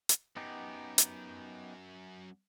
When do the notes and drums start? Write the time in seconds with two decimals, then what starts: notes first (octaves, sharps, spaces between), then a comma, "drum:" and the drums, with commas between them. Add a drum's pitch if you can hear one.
0.09 drum: hi-hat
0.36 F#2 B3 D#4 G4
0.98 drum: hi-hat